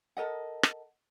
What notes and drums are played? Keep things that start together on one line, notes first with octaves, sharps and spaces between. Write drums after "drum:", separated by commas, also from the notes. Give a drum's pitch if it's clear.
A4 A#4 D#5 F#5
drum: rim click